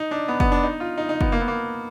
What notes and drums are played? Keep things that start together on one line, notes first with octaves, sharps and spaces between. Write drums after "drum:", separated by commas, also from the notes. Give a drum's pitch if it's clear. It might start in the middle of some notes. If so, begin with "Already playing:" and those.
Already playing: D#4
D4
B3
B3, drum: kick
D4
D#4
F4
D#4
D#4
B3, drum: kick
A#3
B3
A#3